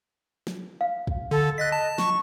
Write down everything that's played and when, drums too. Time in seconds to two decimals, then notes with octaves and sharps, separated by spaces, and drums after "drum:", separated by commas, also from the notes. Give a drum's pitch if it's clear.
0.47 drum: snare
0.81 F5
1.07 drum: kick
1.31 D3 A4
1.58 D#5 F#6 A6 B6
1.72 A5
1.98 C#6, drum: snare